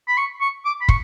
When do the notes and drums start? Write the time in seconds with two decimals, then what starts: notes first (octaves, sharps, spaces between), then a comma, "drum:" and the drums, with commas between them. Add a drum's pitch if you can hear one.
0.08 B5
0.17 C#6
0.41 C#6
0.65 D6
0.81 B5
0.88 C#6, drum: kick